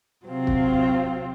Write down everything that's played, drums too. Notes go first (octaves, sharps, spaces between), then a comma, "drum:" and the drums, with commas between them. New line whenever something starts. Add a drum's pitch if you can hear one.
C3 F#3 C4 F4
drum: kick